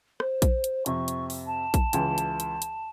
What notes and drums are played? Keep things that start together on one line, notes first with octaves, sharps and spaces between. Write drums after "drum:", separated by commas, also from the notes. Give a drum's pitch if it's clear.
C5, drum: rim click
drum: kick A#1, hi-hat
drum: hi-hat
F2 C3 C#6, drum: hi-hat
drum: hi-hat
drum: open hi-hat
A5
drum: kick A#1, hi-hat
C#2 E3 G#5, drum: hi-hat
drum: hi-hat
drum: hi-hat
drum: hi-hat